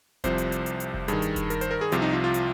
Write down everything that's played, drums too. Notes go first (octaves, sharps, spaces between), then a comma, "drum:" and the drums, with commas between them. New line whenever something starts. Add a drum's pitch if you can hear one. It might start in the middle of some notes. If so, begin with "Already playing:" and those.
C2 C3 F3 C5, drum: kick F1, hi-hat
drum: hi-hat
drum: hi-hat
drum: hi-hat
drum: hi-hat
drum: kick F1
G2 D#3 G#4, drum: hi-hat
drum: hi-hat
drum: kick F1, hi-hat
A#4, drum: hi-hat
C5, drum: hi-hat
A#4
G#4
C2 C3 F3 F4, drum: hi-hat
D#4
F4
F4
drum: hi-hat